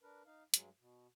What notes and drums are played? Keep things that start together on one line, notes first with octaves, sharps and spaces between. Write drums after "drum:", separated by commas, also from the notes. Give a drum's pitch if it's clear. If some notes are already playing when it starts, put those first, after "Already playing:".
D4 A#4 B4
D#4 F5
G2 F#3 G#3, drum: hi-hat
B2